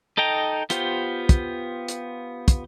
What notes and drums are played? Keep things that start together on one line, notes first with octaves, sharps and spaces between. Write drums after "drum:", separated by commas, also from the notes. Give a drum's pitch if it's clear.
D#4 A4 D#5 G5 A#5
B3 F4 G4 C5, drum: hi-hat
drum: kick, hi-hat
drum: hi-hat
drum: kick, hi-hat